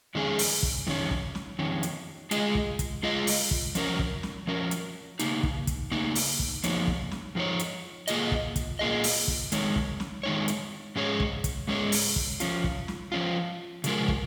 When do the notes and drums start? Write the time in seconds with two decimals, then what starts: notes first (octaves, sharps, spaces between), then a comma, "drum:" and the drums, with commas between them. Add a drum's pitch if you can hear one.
0.15 F2 D#3 G#3 C#4 G#4
0.39 drum: open hi-hat
0.63 drum: kick
0.87 F2 D#3 C#4
1.11 drum: kick
1.35 drum: snare
1.59 F2 D#3 C#4
1.83 drum: hi-hat
2.31 G#3 F4 G#4 D#5, drum: hi-hat
2.55 drum: kick
2.79 drum: kick, hi-hat
3.03 G#3 F4 G#4 D#5
3.27 drum: open hi-hat
3.51 drum: kick
3.75 F3 C#4 A#4, drum: hi-hat
3.99 drum: kick
4.23 drum: snare
4.47 F3 C#4 A#4
4.71 drum: hi-hat
5.19 C#3 A#3 D#4, drum: hi-hat
5.43 drum: kick
5.67 drum: kick, hi-hat
5.91 C#3 A#3 D#4
6.15 drum: open hi-hat
6.39 drum: kick
6.64 F2 F3 A#3 D#4 C#5, drum: hi-hat
6.87 drum: kick
7.11 drum: snare
7.35 F2 F3 A#3 D#4 C#5
7.60 drum: hi-hat
8.08 A#2 A#3 F4 G#4 D#5, drum: hi-hat
8.32 drum: kick
8.56 drum: kick, hi-hat
8.79 A#2 A#3 F4 G#4 D#5
9.04 drum: open hi-hat
9.28 drum: kick
9.52 D#3 G#3 D#4 C#5, drum: hi-hat
9.76 drum: kick
10.00 drum: snare
10.23 D#3 G#3 D#4 C#5
10.48 drum: hi-hat
10.96 G#2 G#3 C#4 G#4 C#5
11.20 drum: kick
11.44 drum: kick, hi-hat
11.68 G#2 G#3 C#4 G#4 C#5
11.92 drum: open hi-hat
12.16 drum: kick
12.40 F3 C#4 F4, drum: hi-hat
12.64 drum: kick
12.88 drum: snare
13.12 F3 C#4 F4
13.84 C#3 F3 G#3 F4 A#4, drum: hi-hat
14.08 drum: kick